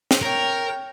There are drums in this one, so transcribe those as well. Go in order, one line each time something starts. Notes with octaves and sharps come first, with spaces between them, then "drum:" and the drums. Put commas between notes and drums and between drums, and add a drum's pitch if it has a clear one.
drum: snare
A#4 C#5 G5